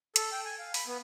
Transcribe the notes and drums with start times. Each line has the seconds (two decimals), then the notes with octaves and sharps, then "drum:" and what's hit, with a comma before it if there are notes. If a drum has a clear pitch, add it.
0.16 A4, drum: hi-hat
0.32 G5
0.45 G#5
0.59 F5
0.74 B5, drum: open hi-hat
0.87 B3